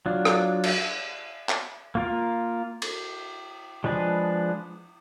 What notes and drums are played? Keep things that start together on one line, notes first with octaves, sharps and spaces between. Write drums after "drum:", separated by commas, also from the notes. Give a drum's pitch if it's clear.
F#3 D4 F4
drum: rim click
drum: cymbal
drum: clap
A#3 F4 A#4
drum: cymbal
F3 G#3 D4 G#4 B4